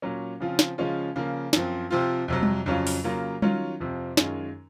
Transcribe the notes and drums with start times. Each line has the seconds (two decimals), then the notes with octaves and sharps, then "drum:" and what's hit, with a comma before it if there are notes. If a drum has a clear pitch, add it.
0.02 A#2 F#3 C#4
0.40 C#3 F3 C4 F4
0.59 drum: snare
0.78 C#3 F3 G#3 C#4 F4
1.16 C#3 F3 A#3
1.53 F#2 F3 C4, drum: snare
1.91 C3 F3 C4 F4
2.28 F2 C3 F#3
2.43 drum: tom G3
2.66 F2 C#3 F#3 C#4 F4
2.87 drum: open hi-hat
3.04 C#3 F#3 A#3 F4
3.42 D#3 F#3 C#4 F4, drum: tom G3
3.80 F2 C3 F3 C4
4.17 F#2 D#3 G#3 C#4 F4, drum: snare